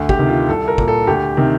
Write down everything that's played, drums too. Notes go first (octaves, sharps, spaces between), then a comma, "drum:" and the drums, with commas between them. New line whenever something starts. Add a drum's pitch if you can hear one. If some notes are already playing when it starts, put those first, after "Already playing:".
Already playing: D2
G4, drum: kick
C3 D#3
F4
C2 A4
A#4
A#2, drum: kick
A4
D2 G4
C3 D#3